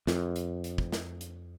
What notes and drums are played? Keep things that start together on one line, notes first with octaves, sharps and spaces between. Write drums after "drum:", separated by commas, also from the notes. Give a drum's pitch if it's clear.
F2, drum: snare
drum: hi-hat
drum: hi-hat
drum: kick
drum: snare
drum: hi-hat